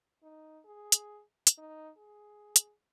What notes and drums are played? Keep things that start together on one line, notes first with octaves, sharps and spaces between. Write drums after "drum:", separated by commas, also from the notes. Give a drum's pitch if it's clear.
D#4
G#4
drum: hi-hat
drum: hi-hat
D#4
G#4
drum: hi-hat